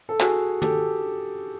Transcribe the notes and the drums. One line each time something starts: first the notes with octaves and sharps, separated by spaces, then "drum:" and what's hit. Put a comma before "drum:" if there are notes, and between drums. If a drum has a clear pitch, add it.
A4
F#4 G#4, drum: clap
G4 A4, drum: tom